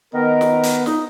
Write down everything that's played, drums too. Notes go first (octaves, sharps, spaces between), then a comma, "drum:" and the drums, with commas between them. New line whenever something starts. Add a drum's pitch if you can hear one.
D#3 B3 A#4
drum: snare
drum: hi-hat
D#4, drum: snare